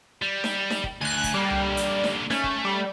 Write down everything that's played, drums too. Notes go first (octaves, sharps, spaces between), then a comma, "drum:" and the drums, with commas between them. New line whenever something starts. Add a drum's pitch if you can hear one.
G3
drum: snare D#4
drum: snare D#4
drum: kick
D2 G#5 F#6
drum: kick, hi-hat
D3 G3 A#3
drum: tom C2
drum: hi-hat
drum: snare D#4
A3 C#4, drum: snare D#4
drum: kick
G3